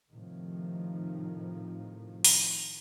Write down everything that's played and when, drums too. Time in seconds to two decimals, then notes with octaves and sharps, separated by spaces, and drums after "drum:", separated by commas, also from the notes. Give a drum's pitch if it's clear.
0.10 A2 C3 D#3 F3
2.24 drum: open hi-hat